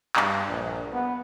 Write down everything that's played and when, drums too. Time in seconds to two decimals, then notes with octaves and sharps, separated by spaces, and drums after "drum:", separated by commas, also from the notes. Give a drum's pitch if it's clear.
0.16 G2, drum: clap
0.48 A#1
0.93 B3